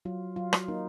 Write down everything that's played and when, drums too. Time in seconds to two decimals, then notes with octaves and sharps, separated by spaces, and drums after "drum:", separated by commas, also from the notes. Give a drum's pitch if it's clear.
0.05 F#3 F4
0.36 F#3 F4
0.53 drum: rim click
0.68 A#3 D#4